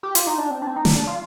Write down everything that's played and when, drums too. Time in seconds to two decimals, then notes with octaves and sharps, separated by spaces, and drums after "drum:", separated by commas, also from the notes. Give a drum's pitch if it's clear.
0.03 G4
0.15 F4, drum: hi-hat
0.27 D#4
0.38 D4
0.50 C4
0.62 D4
0.67 C4
0.76 D#4
0.85 D4, drum: snare
0.96 D4
1.07 F4